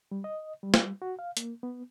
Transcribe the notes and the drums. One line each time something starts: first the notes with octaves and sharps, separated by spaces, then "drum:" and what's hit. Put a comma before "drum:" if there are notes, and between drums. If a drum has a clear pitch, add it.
G3
D#5
G3
drum: snare
F#4
F5
A#3, drum: hi-hat
B3